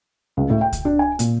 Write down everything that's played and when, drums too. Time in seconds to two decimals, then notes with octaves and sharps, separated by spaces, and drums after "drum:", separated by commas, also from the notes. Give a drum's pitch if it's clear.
0.37 C#2
0.50 A2
0.61 G5
0.73 drum: kick C#2, hi-hat
0.85 D4
0.99 G#5
1.19 A#2, drum: hi-hat